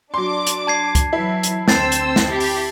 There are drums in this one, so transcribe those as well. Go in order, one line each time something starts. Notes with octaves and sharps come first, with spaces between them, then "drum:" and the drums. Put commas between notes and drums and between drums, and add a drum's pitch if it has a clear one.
F#3 D4 C6 D6
drum: hi-hat
A5 G#6 C7
drum: kick, hi-hat
E3 F#3 E4
drum: hi-hat
D2 C4 C5 A5 E6 A6 C7, drum: snare
drum: hi-hat
drum: snare
E4 G4
drum: open hi-hat